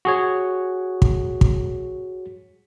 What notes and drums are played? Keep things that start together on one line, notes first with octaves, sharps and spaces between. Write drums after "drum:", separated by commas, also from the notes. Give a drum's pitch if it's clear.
F#4 G#4 C#5
drum: kick
drum: kick